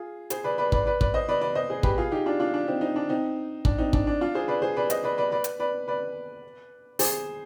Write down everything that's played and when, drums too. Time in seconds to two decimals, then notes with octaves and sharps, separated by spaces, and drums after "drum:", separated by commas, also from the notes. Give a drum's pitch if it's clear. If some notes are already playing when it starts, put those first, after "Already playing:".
Already playing: F4 G#4
0.30 G#4 C5, drum: hi-hat
0.44 B4 D5
0.58 B4 D5
0.72 B4 D5, drum: kick
0.86 B4 D5
1.01 B4 D5, drum: kick
1.14 C5 D#5
1.29 B4 D5
1.41 B4 D5
1.55 C5 D#5
1.70 G#4 C5
1.83 G4 B4, drum: kick
1.98 F4 G#4
2.12 D#4 G4
2.26 D4 F4
2.40 D4 F4
2.54 D4
2.67 C4 D#4
2.81 C4 D#4
2.96 D4
3.09 C4 D#4
3.65 D4, drum: kick
3.78 C4 D#4
3.93 D4, drum: kick
4.07 D4
4.21 D4 F4
4.35 G#4 C5
4.48 B4 D5
4.62 G#4 C5
4.77 B4 D5
4.90 C5 D#5, drum: hi-hat
5.04 B4 D5
5.18 B4 D5
5.32 B4 D5
5.44 drum: hi-hat
5.60 B4 D5
5.88 B4 D5
6.99 G#4 C5, drum: open hi-hat